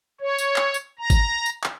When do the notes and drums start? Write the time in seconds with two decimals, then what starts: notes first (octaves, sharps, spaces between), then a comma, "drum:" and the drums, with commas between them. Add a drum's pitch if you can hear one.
0.20 C#5
0.38 drum: tambourine
0.56 drum: clap
0.74 drum: tambourine
0.99 A#5
1.10 drum: kick G#1, tambourine
1.46 drum: tambourine
1.64 drum: clap